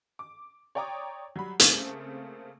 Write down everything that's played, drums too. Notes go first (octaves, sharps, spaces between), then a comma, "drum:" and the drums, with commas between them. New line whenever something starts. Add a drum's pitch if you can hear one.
D6
C#5 D5 G5 A#5 D6 D#6
F#3 G3 B5
C#3 A3 A#3 C4, drum: hi-hat